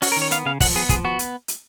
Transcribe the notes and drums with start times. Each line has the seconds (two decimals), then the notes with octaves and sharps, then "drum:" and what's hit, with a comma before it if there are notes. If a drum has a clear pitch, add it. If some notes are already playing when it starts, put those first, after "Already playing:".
0.02 C#4 F#4, drum: open hi-hat
0.12 A#4
0.16 D#3
0.22 C#5
0.31 B3 F5, drum: hi-hat
0.45 C#3 F5
0.60 F3 F#5, drum: kick, open hi-hat
0.76 B3 G#4
0.89 F3 G#4, drum: kick, hi-hat
1.05 B3 F#4
1.19 drum: hi-hat
1.48 drum: hi-hat